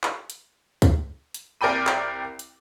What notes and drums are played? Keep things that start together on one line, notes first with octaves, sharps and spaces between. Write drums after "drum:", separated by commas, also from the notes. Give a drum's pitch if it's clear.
drum: clap
drum: hi-hat
drum: kick C#2, hi-hat
drum: hi-hat
C2 A#4 D5 G5 B5 D#7
drum: clap
drum: hi-hat